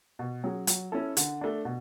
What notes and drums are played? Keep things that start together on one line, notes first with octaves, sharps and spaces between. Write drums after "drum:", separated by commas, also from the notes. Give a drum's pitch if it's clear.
B2
F#3 C#4 G#4
F#3, drum: hi-hat
C#4 E4 A4
D3, drum: hi-hat
A3 D4
B2